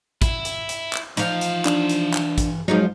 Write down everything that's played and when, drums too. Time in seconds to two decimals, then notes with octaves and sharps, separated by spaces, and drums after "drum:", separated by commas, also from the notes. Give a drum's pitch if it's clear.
0.22 E4, drum: kick, hi-hat
0.45 drum: hi-hat
0.69 drum: hi-hat
0.93 drum: clap
1.17 E3 F3 D#4 F5, drum: hi-hat
1.41 drum: hi-hat
1.65 D4, drum: clap
1.90 drum: hi-hat
2.14 drum: clap
2.38 drum: kick, hi-hat
2.68 F3 F#3 G#3 C#4 D#4